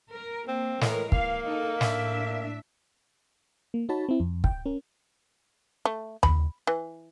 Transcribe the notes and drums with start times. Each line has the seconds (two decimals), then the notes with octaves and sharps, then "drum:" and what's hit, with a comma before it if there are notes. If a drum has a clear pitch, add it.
0.12 A#4
0.48 A#3 C4
0.81 A2 E3 G#3 A#4, drum: snare
1.12 A#3 F5, drum: kick
1.45 D#4 A4
1.81 A2 D4 E5, drum: snare
3.74 A#3
3.89 D#4 F#4 C#5 A5 B5
4.09 C4 E4
4.20 F2
4.44 G5, drum: kick
4.66 C#4 A#4
5.85 A3
6.23 B5, drum: tom D#2
6.67 E3